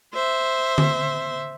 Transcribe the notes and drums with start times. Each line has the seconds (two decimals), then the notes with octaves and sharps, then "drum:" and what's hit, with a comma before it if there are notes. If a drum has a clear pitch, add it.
0.13 C5 E5
0.78 drum: tom D3